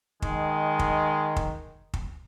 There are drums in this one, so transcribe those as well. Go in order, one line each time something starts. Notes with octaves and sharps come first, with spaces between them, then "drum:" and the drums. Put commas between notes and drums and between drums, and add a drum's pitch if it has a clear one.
D#3 G#3, drum: kick
drum: kick
drum: kick
drum: kick